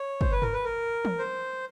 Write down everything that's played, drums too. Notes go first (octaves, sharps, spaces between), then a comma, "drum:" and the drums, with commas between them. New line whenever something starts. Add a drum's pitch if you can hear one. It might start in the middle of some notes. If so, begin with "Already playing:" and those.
Already playing: C#5
C5, drum: kick
B4
A#4, drum: tom G2
B4
A#4
drum: tom E3
C5